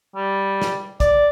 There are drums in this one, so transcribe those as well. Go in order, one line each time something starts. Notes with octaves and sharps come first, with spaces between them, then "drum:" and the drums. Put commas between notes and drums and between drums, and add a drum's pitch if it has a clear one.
G3
drum: snare
D5, drum: kick, hi-hat